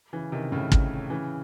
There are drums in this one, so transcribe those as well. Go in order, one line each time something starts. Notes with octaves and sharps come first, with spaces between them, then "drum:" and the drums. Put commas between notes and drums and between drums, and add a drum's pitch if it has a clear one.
C#3 E3
C3 D#3
A2 C#3
drum: kick
C#3 E3